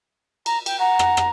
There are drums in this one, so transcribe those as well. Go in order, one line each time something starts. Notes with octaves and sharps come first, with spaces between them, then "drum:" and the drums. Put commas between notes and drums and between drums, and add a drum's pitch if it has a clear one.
A#5, drum: cymbal
G5, drum: cymbal
F#5 A#5
drum: rim click
drum: rim click